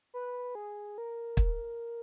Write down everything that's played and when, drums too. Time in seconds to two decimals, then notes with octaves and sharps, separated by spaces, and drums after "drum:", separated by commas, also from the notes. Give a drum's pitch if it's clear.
0.14 B4
0.55 G#4
0.98 A#4
1.37 drum: kick